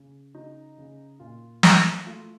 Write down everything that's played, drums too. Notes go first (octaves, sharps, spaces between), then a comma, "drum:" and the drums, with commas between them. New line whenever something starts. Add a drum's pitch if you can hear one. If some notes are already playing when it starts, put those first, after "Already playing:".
Already playing: C#3
C#3 D#4
C#3
A#2 F4
A3, drum: snare
A3 F4